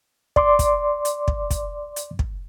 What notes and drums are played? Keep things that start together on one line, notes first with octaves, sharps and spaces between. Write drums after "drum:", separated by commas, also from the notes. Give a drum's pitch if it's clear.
D5 C6 D6, drum: kick
drum: kick, hi-hat
drum: hi-hat
drum: kick
drum: kick, hi-hat
drum: hi-hat
drum: kick